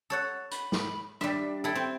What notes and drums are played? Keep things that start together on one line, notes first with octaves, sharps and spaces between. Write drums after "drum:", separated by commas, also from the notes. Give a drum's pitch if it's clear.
A4 C#5 F#5
B5, drum: hi-hat
drum: snare
G3 D4 E5, drum: rim click
E4 A4 G5
C4